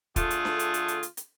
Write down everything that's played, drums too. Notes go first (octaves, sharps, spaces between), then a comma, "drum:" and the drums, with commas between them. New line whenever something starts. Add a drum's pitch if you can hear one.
D3 A3 F4 G#4, drum: kick, hi-hat
drum: hi-hat
drum: snare
drum: hi-hat
drum: hi-hat
drum: hi-hat
drum: hi-hat
drum: hi-hat